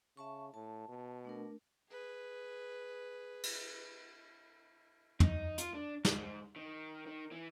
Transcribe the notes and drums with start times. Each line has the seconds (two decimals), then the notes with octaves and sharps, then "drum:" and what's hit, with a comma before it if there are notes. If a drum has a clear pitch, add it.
0.17 C#3 E5 A5 C#6
0.54 A2 A5
0.89 B2
1.25 A3 D4 A#4
1.90 G#4 B4
3.43 drum: cymbal
5.20 D#4, drum: tom
5.58 F4, drum: hi-hat
5.74 D4
6.05 G#2, drum: snare
6.56 D#3
7.06 D#3
7.32 E3